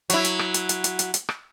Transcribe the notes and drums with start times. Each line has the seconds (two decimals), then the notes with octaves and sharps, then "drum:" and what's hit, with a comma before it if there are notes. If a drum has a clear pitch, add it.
0.10 F#3 E4, drum: hi-hat
0.24 drum: hi-hat
0.39 drum: rim click
0.54 drum: hi-hat
0.69 drum: hi-hat
0.84 drum: hi-hat
0.99 drum: hi-hat
1.14 drum: hi-hat
1.29 drum: rim click